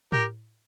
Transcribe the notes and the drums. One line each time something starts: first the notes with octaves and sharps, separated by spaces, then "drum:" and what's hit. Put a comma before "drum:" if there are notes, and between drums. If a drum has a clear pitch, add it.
G4 A#4, drum: tom A2